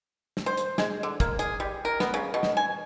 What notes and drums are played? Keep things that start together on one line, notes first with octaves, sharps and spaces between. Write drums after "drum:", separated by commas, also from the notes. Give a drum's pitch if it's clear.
drum: snare
C5
drum: hi-hat
G#3, drum: snare
D3
A#3, drum: kick, hi-hat
G#4, drum: hi-hat
G3
A#4
B3, drum: snare
C#3
B2
drum: snare
G#5